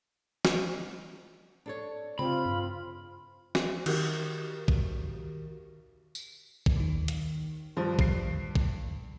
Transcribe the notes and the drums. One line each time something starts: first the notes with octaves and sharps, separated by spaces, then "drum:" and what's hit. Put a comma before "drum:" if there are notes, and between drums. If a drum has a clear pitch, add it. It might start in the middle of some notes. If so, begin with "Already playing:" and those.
drum: snare
D4 A4 C#5
C#3 C4 F4 G4 B5
G2
drum: snare
D#3 F#4 G4 A#4, drum: cymbal
drum: kick
drum: tambourine
drum: kick
D#2 D#3
drum: hi-hat
G2 F3
G2 C7, drum: kick
drum: kick